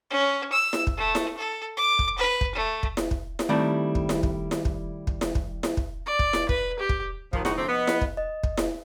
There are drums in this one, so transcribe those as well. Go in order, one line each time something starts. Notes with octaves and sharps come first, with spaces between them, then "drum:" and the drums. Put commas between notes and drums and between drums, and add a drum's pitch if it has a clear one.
C#4
E6
drum: snare E4
drum: kick
A3
drum: snare E4
A4
D6
drum: kick
B4
drum: kick
A3
drum: kick
drum: snare E4
drum: kick
drum: snare E4
D#3 G3 A3 C4 E4 D5
drum: kick
drum: snare E4
drum: kick
drum: snare E4
drum: kick
drum: kick
drum: snare E4
drum: kick
drum: snare E4
drum: kick
D5
drum: kick
drum: snare E4
B4, drum: kick
G4
drum: kick
F1 D#2 A2 D#3 F3, drum: kick
G#3 D#4 F#4 G#4, drum: snare E4
D2 C3 C4
B3 D#5
drum: snare E4
drum: kick
D#5
drum: kick
drum: snare E4